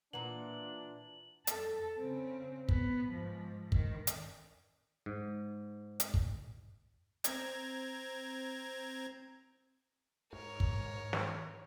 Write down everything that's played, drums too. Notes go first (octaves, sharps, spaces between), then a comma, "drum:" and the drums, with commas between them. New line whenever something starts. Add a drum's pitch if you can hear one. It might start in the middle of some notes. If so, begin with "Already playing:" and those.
A#2 E3 D4 F#5 A#5 F#7
A4, drum: hi-hat
C#3 C4
B3, drum: kick
G#2 F3
D#3, drum: kick
drum: hi-hat
G#2
drum: hi-hat
drum: kick
C4 A#5 G#6, drum: hi-hat
G#2 A#4 C#5
drum: kick
drum: snare